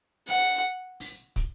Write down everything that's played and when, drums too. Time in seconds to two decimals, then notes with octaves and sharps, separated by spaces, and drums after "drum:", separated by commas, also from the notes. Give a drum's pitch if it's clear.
0.28 F#5, drum: hi-hat
1.00 drum: open hi-hat
1.36 drum: kick, hi-hat